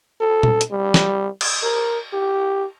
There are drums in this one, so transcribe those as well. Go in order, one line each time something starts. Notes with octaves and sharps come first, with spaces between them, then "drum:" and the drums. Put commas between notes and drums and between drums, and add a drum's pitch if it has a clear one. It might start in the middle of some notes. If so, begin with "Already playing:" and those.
A4
drum: tom A#2
drum: hi-hat
G3
drum: snare
drum: cymbal
A#4
G4